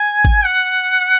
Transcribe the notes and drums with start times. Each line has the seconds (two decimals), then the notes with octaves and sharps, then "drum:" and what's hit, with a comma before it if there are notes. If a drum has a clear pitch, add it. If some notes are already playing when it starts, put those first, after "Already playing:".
Already playing: G#5
0.25 drum: kick G#1
0.45 F#5